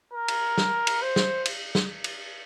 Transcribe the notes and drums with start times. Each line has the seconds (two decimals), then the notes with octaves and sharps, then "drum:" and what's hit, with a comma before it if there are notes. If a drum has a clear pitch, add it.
0.13 A#4
0.28 drum: cymbal
0.58 drum: snare
0.87 drum: cymbal
1.02 C5
1.16 drum: snare
1.46 drum: cymbal
1.75 drum: snare
2.04 drum: cymbal